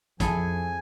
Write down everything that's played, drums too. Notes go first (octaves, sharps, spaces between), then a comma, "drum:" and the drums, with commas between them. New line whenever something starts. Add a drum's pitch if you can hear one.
F2 E4 G#4 A4 G#5, drum: kick, hi-hat